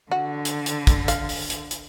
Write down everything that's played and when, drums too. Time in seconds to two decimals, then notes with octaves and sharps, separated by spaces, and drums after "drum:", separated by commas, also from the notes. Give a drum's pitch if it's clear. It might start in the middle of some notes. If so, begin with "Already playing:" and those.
0.11 D3 F#4
0.45 drum: hi-hat
0.66 drum: hi-hat
0.87 drum: kick, hi-hat
1.08 F5, drum: hi-hat
1.29 drum: open hi-hat
1.50 drum: hi-hat
1.71 drum: hi-hat